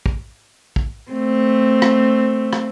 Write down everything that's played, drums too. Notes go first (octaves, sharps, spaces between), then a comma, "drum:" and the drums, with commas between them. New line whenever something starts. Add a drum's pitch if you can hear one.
drum: kick
drum: kick
A3 C4
drum: rim click
drum: rim click